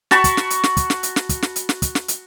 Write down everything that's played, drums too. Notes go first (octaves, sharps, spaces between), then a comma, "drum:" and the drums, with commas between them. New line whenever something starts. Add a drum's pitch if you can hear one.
F#4 A5 B5 C#6, drum: snare
drum: kick, hi-hat
drum: snare
drum: hi-hat
drum: snare
drum: kick, hi-hat
drum: snare
drum: hi-hat
drum: snare
drum: kick, hi-hat
drum: snare
drum: hi-hat
drum: snare
drum: kick, hi-hat
drum: snare
drum: hi-hat